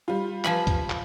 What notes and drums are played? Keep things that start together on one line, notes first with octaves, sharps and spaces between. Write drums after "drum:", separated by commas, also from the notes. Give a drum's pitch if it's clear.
G3 F4
F3 G#5 B5, drum: clap
drum: kick C#2, hi-hat
drum: clap